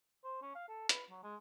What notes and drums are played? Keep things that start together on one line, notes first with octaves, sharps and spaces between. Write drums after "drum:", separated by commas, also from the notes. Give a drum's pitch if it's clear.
C5
C#4
F5
A4
B4, drum: hi-hat
F#3
G#3